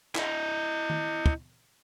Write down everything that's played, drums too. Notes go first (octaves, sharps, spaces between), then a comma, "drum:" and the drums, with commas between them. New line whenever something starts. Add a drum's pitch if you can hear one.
E4 D#5, drum: clap
drum: tom D#3
drum: kick